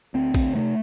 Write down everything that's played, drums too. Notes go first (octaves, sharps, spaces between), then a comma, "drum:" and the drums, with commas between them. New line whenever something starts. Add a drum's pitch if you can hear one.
D2 C4
D2 C4, drum: kick A1, open hi-hat
C3 A3